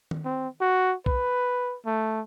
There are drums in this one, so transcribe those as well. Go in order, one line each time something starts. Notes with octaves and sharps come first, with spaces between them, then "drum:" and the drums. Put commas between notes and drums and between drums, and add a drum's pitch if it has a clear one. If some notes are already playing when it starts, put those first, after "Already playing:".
drum: tom D#3
C4
F#4
B4, drum: kick B1
A3